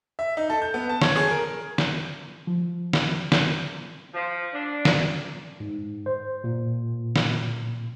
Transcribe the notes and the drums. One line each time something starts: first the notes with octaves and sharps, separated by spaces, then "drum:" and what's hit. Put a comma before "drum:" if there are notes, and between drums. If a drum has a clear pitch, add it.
E5
D#4
A4
G6
B3
A5
C#5, drum: snare
G#4
A#4
drum: snare
F3
drum: snare
drum: snare
F3
D4
drum: snare
G#2
C5
A#2
drum: snare